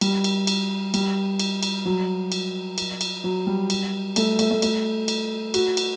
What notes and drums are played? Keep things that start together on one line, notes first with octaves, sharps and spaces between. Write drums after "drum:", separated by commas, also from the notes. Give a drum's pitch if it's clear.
G3, drum: cymbal
drum: cymbal
drum: cymbal
G3, drum: cymbal
drum: cymbal
drum: cymbal
F#3
drum: cymbal
drum: cymbal
drum: cymbal
F#3
G3
drum: cymbal
A3, drum: cymbal
A3, drum: cymbal
A3
A3, drum: cymbal
drum: cymbal
F#4, drum: cymbal
drum: cymbal